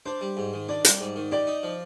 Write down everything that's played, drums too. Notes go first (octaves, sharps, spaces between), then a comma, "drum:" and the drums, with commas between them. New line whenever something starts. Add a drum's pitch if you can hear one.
D4 C5
G3
G#2
D#3
D4 D5
G3, drum: hi-hat
G#2
D#3
G4 D5
D#4
F3